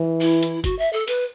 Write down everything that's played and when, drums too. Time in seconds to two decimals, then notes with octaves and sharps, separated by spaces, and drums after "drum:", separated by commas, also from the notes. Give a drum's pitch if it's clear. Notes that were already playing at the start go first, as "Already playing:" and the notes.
Already playing: E3
0.21 E4, drum: open hi-hat
0.43 drum: hi-hat
0.64 F#4, drum: kick G1, hi-hat
0.79 E5
0.93 A4
1.08 B4, drum: hi-hat